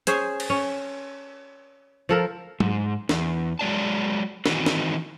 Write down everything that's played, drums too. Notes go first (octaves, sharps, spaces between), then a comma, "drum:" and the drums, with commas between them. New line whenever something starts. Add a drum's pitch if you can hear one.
C#4 G#4 C5, drum: hi-hat
drum: cymbal
C#4
F3 A4 A#4
G#2, drum: tom F#3
E2, drum: snare
F#3 G#3 D5 A5
D#3 E3 C4 D#4 F#4, drum: snare
drum: snare